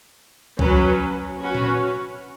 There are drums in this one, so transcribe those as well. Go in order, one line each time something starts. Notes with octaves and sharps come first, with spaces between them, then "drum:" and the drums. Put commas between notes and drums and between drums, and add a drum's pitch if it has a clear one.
F#3 C#4 B4, drum: kick
C#4 F#4 B4
drum: tom A#2